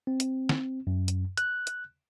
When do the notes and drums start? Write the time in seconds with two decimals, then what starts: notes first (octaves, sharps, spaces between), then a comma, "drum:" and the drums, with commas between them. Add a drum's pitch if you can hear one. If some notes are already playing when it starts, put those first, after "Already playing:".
0.07 C4
0.20 drum: hi-hat
0.49 drum: snare
0.87 F#2
1.08 drum: hi-hat
1.37 F#6, drum: hi-hat
1.67 drum: hi-hat